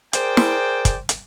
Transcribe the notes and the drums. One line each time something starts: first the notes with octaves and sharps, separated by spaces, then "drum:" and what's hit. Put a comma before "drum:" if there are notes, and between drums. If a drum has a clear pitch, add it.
G#4 A#4 C5 D5 G5, drum: hi-hat
drum: snare
drum: kick, hi-hat
drum: hi-hat